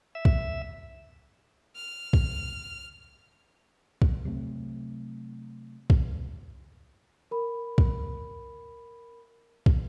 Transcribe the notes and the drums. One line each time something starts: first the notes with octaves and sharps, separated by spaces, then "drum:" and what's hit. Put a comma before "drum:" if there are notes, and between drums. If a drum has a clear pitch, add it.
E5
drum: kick
F6
drum: kick
drum: kick
C3 F#3 A3 C4
drum: kick
A#4 B5
drum: kick
drum: kick